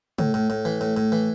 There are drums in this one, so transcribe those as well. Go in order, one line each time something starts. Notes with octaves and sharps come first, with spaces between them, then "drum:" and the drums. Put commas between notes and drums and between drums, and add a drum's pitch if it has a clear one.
A2, drum: tom
A2
A2
E3
A2
A2
E3